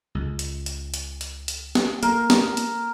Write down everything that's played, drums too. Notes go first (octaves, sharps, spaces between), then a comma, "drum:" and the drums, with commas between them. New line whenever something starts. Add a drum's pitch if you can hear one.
C#2
drum: hi-hat
drum: hi-hat
drum: hi-hat
drum: hi-hat
drum: hi-hat
drum: snare
A#3 A#4, drum: hi-hat
drum: snare
drum: hi-hat